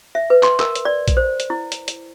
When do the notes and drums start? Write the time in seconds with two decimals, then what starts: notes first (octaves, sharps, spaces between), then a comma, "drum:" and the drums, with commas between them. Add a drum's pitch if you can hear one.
0.15 E5
0.30 B4
0.43 C6, drum: clap
0.60 A#4, drum: clap
0.75 drum: hi-hat
0.85 D5
1.08 drum: kick A#1, hi-hat
1.17 C5
1.40 drum: hi-hat
1.50 E4
1.72 drum: hi-hat
1.88 drum: hi-hat